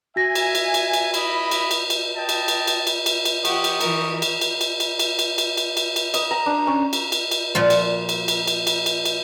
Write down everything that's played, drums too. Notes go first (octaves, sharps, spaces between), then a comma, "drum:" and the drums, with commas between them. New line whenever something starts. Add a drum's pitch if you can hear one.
F#4 E5 G#5 A#6
drum: cymbal
drum: cymbal
drum: cymbal
drum: cymbal
E4 D#5 B5, drum: cymbal
drum: cymbal
drum: cymbal
drum: cymbal
D#5 G5 A5
drum: cymbal
drum: cymbal
drum: cymbal
drum: cymbal
drum: cymbal
drum: cymbal
F3 G4 F#5 C#6 D#6, drum: cymbal
drum: cymbal
E3 A#4, drum: cymbal
drum: cymbal
drum: cymbal
drum: cymbal
drum: cymbal
drum: cymbal
drum: cymbal
drum: cymbal
drum: cymbal
drum: cymbal
drum: cymbal
D#5, drum: cymbal
A#5
D4
C#4
drum: cymbal
drum: cymbal
drum: cymbal
A#2 F3 F4
drum: cymbal
drum: cymbal
drum: cymbal
drum: cymbal
drum: cymbal
drum: cymbal
drum: cymbal